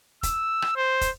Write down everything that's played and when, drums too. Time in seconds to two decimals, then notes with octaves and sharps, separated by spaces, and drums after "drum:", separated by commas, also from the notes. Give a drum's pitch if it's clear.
0.23 E6, drum: kick, hi-hat
0.62 drum: rim click
0.76 C5
1.01 drum: kick, hi-hat